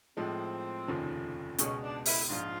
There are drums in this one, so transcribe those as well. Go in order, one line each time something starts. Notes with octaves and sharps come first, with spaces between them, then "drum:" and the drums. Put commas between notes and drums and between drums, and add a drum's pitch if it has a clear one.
A2 F3 G#3 C4
F1 D#2 C#3 F3
C#2 B2 G#3 C#4, drum: hi-hat
D4
E4, drum: open hi-hat
A#1 G#2 F3 F4